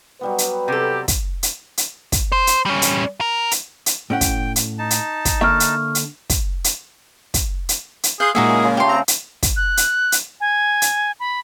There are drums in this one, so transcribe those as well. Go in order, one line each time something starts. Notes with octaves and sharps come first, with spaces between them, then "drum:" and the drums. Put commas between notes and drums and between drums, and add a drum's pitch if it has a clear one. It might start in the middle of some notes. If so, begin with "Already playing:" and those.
F#3 G3 B3 B4
drum: hi-hat
C3 G4 A4
drum: kick, hi-hat
drum: hi-hat
drum: hi-hat
drum: kick, hi-hat
C5
drum: hi-hat
G3 C#4
drum: hi-hat
A#4
drum: hi-hat
drum: hi-hat
A2 C#4 F#5 G5
drum: kick, hi-hat
drum: hi-hat
D#4 A5
drum: hi-hat
drum: kick, hi-hat
D3 A#3 E5 C#6 F6
drum: hi-hat
drum: hi-hat
drum: kick, hi-hat
drum: hi-hat
drum: kick, hi-hat
drum: hi-hat
drum: hi-hat
G#4 F5 C6 F#6 G6
A#2 G#3 A#3 D#4 F#4 G#4 E5
C#3
C#3 F4
A3 G4 G#4 C6
C4 A#5
drum: hi-hat
drum: kick, hi-hat
F#6
drum: hi-hat
drum: hi-hat
G#5
drum: hi-hat
B5